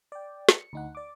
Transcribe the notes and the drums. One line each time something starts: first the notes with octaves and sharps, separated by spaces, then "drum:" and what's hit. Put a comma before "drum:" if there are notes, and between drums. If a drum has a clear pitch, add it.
D5 G5
C#7, drum: snare
D2 D#4 F#5
D5 D6